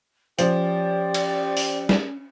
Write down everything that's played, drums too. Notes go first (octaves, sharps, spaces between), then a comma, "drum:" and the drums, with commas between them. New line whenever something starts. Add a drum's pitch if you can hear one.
F3 C#4 G4 D5, drum: hi-hat
drum: cymbal
drum: open hi-hat
drum: snare